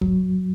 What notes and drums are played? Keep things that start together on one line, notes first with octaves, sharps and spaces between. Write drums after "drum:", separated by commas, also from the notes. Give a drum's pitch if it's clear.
F#3, drum: kick E1